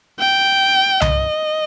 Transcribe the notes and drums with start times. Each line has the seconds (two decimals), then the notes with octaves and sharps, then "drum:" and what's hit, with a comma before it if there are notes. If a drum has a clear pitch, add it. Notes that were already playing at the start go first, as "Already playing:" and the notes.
0.19 G5
1.01 D#5, drum: tom C2